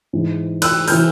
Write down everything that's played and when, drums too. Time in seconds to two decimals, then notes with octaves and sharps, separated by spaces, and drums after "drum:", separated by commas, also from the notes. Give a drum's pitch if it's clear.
0.13 G#2 E3
0.62 E6 F#6, drum: cymbal
0.88 E3 F6 G6, drum: open hi-hat